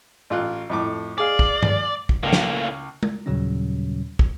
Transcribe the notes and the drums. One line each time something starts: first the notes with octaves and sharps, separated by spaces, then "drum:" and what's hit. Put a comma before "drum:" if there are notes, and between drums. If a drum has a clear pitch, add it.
A1 F4 F#6
F2 A2 D6
G#4 D5 F5
drum: kick
drum: tom G2
drum: kick
C#2 A2 A#3
drum: snare
drum: tom G#3
D#2 A#2 C#3 F#3 G3 C#4
drum: kick